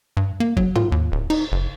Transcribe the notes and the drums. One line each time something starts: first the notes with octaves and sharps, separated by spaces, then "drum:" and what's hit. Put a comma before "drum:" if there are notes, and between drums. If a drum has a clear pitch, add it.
G2
A#3
F#3, drum: kick
F4, drum: tom G#2
D#2
D1
D#4, drum: cymbal
F#1